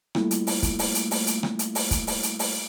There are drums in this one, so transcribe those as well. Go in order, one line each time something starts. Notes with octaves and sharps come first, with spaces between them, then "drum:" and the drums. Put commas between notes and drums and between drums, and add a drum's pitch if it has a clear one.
G3 A3 A#3 E4 F4, drum: rim click
drum: hi-hat
drum: open hi-hat
drum: kick, hi-hat
drum: open hi-hat
drum: hi-hat
drum: open hi-hat
drum: hi-hat
drum: rim click
drum: hi-hat
drum: open hi-hat
drum: kick, hi-hat
drum: open hi-hat
drum: hi-hat
drum: open hi-hat